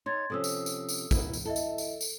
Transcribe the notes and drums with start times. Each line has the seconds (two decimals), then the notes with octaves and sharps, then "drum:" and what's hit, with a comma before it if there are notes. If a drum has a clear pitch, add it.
0.06 D#4 C#5 C6 G#6 A6
0.30 C3 F3 C#4 A4 D#6 E6
0.44 drum: tambourine
0.66 drum: tambourine
0.89 drum: tambourine
1.11 D#4 E4 F#4, drum: kick, tambourine
1.33 drum: tambourine
1.45 E4 A4 D#5 E5
1.56 drum: tambourine
1.78 drum: tambourine
2.01 drum: tambourine